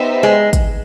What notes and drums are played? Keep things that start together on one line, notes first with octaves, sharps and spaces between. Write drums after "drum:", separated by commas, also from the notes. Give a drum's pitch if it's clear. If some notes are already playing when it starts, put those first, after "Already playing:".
Already playing: B3 D#4 G4 C5 E5
G#3
drum: kick, hi-hat